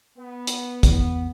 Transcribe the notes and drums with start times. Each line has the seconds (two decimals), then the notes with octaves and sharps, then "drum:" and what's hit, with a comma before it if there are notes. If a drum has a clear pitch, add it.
0.19 B3
0.47 drum: hi-hat
0.83 E2, drum: kick, hi-hat